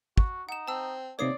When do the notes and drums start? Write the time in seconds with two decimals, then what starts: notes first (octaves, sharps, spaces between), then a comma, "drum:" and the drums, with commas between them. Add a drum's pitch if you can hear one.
0.18 F#4, drum: kick
0.49 D#4 F#5 E7
0.68 C4 A5 E6
1.19 C3 D#3 A#3 C#5 D5 D#6 C7